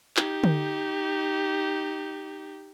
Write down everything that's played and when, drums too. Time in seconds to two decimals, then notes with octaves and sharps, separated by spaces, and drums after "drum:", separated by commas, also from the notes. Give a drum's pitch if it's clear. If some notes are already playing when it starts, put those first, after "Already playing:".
0.17 D#4 G4, drum: clap
0.44 drum: tom D3